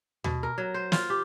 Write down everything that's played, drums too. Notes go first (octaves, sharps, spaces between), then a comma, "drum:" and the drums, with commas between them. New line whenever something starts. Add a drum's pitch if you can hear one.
B2, drum: tom D#2
A#4
F#3
C5
F4, drum: snare
G4